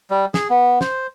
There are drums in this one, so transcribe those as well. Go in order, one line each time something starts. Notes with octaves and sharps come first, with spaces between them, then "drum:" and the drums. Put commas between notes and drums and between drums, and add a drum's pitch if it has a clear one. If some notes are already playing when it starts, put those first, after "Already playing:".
G3
G#4, drum: snare
B3
C5, drum: snare